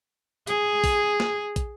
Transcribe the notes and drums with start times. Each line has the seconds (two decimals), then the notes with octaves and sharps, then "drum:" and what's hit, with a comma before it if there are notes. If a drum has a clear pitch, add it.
0.47 G#4, drum: hi-hat
0.84 drum: kick, open hi-hat
1.20 drum: snare
1.56 drum: kick, hi-hat